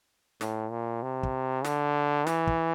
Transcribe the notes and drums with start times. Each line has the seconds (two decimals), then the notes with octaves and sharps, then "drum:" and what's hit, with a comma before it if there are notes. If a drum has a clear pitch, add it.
0.41 A2, drum: snare
0.71 A#2
1.03 C3
1.23 drum: kick
1.64 D3, drum: snare
2.27 E3, drum: snare
2.47 drum: kick